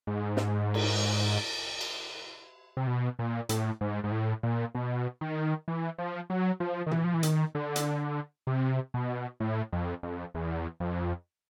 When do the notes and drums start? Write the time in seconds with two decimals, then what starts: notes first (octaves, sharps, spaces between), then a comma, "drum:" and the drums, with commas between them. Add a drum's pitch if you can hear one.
0.07 G#2
0.37 drum: snare
0.74 drum: cymbal
1.81 drum: cymbal
2.77 C3
2.87 B2
3.19 A#2
3.49 A2, drum: hi-hat
3.81 G#2
4.04 G#2
4.12 A2
4.43 A#2
4.75 B2
5.21 D#3
5.68 E3
5.98 F3
6.30 F#3
6.60 F3
6.86 D#3
6.91 E3, drum: tom
7.04 F3
7.14 E3
7.23 D#3, drum: hi-hat
7.55 D3
7.76 drum: hi-hat
8.47 C3
8.94 B2
9.40 A2
9.72 F2
10.03 F2
10.35 E2
10.80 F2